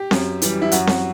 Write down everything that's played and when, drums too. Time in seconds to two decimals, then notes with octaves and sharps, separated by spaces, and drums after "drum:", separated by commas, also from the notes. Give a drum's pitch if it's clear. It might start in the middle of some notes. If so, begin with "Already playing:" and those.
Already playing: G4
0.11 F#2, drum: snare C4
0.42 E3 G3, drum: hi-hat
0.62 E4
0.72 F#2 F#4, drum: hi-hat
0.87 drum: snare C4